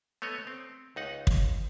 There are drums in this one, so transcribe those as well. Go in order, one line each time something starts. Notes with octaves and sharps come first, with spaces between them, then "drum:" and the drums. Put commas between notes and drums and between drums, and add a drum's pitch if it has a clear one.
A3 B3 C#5 D#5
C4
C#2 D#4 F#5
drum: kick